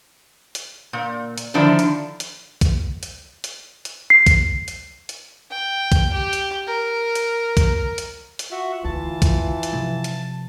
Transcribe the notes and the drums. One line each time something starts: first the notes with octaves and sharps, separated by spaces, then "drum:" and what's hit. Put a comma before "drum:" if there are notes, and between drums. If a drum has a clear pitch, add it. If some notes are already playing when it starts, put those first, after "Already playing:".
drum: hi-hat
A#2
drum: hi-hat
D3 D#3 F3 D4 E4
drum: hi-hat
drum: hi-hat
drum: kick B1, hi-hat
drum: hi-hat
drum: hi-hat
drum: hi-hat
C7
drum: kick B1, hi-hat
drum: hi-hat
drum: hi-hat
G5
drum: kick B1, hi-hat
G4
drum: hi-hat
A#4
drum: hi-hat
drum: kick B1, hi-hat
drum: hi-hat
drum: hi-hat
F4 F#4 E5
D2 E3 A5
drum: kick B1, hi-hat
A3
drum: hi-hat
C3 F3
drum: hi-hat